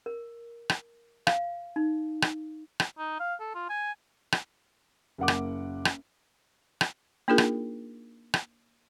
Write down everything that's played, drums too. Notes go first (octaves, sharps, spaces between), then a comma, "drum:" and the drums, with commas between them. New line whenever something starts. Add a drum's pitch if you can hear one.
A#4
drum: rim click
F5, drum: rim click
D#4
drum: rim click
drum: rim click
D#4
F5
A4
F4
G#5
drum: rim click
F#1 A#3 F#5 D6
drum: rim click
drum: rim click
drum: rim click
A#3 D4 D#4 F4 G#4 A#4
drum: rim click
drum: rim click